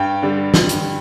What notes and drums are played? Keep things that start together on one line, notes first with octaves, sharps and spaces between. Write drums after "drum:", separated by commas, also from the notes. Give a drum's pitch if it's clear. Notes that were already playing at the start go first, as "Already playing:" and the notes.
Already playing: G2 G5
D3 G3
drum: snare
drum: hi-hat